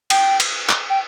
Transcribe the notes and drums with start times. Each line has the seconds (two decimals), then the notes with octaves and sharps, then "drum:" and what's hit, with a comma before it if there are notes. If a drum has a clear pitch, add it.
0.10 G5, drum: cymbal
0.40 drum: cymbal
0.69 drum: clap
0.90 G5